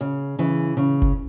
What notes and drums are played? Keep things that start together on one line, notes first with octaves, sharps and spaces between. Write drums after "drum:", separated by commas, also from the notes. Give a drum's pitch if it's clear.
C#3
C#3 E3
C#3
drum: kick F#1